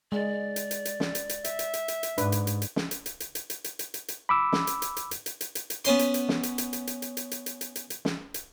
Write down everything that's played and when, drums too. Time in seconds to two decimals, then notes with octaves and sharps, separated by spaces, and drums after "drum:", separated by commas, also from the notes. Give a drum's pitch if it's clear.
0.12 G#3 D5
0.56 drum: hi-hat
0.71 drum: hi-hat
0.85 drum: hi-hat
1.00 drum: snare
1.15 drum: hi-hat
1.29 drum: hi-hat
1.44 E5, drum: hi-hat
1.59 drum: hi-hat
1.74 drum: hi-hat
1.88 drum: hi-hat
2.03 drum: hi-hat
2.18 G#2 D4 B4, drum: hi-hat
2.32 drum: hi-hat
2.47 drum: hi-hat
2.62 drum: hi-hat
2.76 drum: snare
2.91 drum: hi-hat
3.06 drum: hi-hat
3.20 drum: hi-hat
3.35 drum: hi-hat
3.50 drum: hi-hat
3.64 drum: hi-hat
3.79 drum: hi-hat
3.94 drum: hi-hat
4.08 drum: hi-hat
4.29 B5 D6 E6
4.52 drum: snare
4.67 drum: hi-hat
4.82 drum: hi-hat
4.97 drum: hi-hat
5.11 drum: hi-hat
5.26 drum: hi-hat
5.41 drum: hi-hat
5.55 drum: hi-hat
5.70 drum: hi-hat
5.85 B3 C#4 C6, drum: hi-hat
5.99 drum: hi-hat
6.14 drum: hi-hat
6.29 drum: snare
6.43 drum: hi-hat
6.58 drum: hi-hat
6.73 drum: hi-hat
6.87 drum: hi-hat
7.02 drum: hi-hat
7.17 drum: hi-hat
7.31 drum: hi-hat
7.46 drum: hi-hat
7.61 drum: hi-hat
7.76 drum: hi-hat
7.90 drum: hi-hat
8.05 drum: snare
8.34 drum: hi-hat